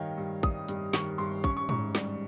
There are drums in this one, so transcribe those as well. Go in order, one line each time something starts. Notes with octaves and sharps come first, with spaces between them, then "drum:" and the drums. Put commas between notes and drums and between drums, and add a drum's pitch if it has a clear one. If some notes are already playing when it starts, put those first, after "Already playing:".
Already playing: G2 D#3 G3 C#5 D#5 F5 G5
G2
G3 D#6, drum: kick
G2, drum: hi-hat
D#3 C#6, drum: snare
G2 C6
C#4 C#6, drum: kick
C#6
G#2 C#6, drum: tom
G3, drum: snare